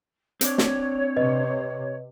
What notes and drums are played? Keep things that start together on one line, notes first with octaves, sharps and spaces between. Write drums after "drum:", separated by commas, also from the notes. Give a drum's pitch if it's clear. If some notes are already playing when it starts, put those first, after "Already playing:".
C4 D4 C#5 D5, drum: hi-hat
drum: snare
C3 B4 D#5